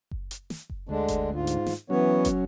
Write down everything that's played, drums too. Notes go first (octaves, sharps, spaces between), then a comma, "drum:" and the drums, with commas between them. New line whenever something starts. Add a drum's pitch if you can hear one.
drum: kick F#1
drum: hi-hat
drum: snare
drum: kick F#1
D2 D3 G#3 D4
drum: kick F#1, hi-hat
G#2 F4
drum: hi-hat
drum: snare
E3 F#3 B3 C#4 C#5
drum: kick F#1, hi-hat